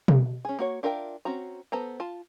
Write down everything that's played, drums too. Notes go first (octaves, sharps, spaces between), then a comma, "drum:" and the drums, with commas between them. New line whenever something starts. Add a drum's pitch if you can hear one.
drum: tom B2
C#4 G#4
A#3 F#4 C#5
D4 F4 A#4 E5 G5
C4 C#4 F#4 A#5
B3 A4 C5 A#5
F4 A5